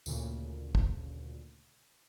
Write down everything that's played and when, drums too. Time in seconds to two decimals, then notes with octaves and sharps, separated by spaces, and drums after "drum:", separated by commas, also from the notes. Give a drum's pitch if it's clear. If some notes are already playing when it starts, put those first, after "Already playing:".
0.06 D2 A#2 C#3, drum: tambourine
0.75 drum: kick